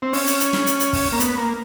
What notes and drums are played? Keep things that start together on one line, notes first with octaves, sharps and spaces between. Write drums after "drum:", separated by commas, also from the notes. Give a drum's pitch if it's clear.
C4
C#4, drum: open hi-hat
drum: hi-hat
drum: hi-hat
drum: snare
drum: hi-hat
drum: hi-hat
drum: kick, open hi-hat
A#3
B3, drum: hi-hat
A#3